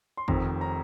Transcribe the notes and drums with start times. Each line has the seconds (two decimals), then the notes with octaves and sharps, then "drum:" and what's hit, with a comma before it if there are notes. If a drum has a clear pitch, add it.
0.17 C6
0.28 F1 F2 C3 D#3 A#5, drum: kick
0.61 A#5